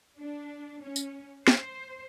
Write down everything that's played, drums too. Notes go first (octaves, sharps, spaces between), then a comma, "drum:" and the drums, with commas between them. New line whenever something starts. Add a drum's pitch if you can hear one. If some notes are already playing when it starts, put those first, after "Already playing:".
D4
C#4
drum: tambourine
C5, drum: snare